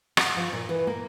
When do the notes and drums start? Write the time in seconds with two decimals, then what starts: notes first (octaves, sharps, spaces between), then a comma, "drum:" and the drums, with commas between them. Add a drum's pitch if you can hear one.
0.17 F#5, drum: rim click
0.37 F3
0.53 A#2
0.69 E3
0.87 A#3